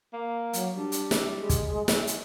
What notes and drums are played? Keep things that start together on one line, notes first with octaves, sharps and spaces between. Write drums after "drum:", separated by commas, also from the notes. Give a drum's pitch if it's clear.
A#3
F#3, drum: hi-hat
G3 D4
drum: hi-hat
drum: snare
G#3
drum: kick, hi-hat
drum: snare
drum: hi-hat